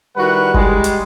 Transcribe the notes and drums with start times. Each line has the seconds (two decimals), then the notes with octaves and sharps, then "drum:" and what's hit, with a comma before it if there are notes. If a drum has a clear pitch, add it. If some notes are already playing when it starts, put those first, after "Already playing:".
0.17 D#3 G3 E4 F#4 B4 F#5
0.54 G3 G#3, drum: kick F#1
0.84 drum: hi-hat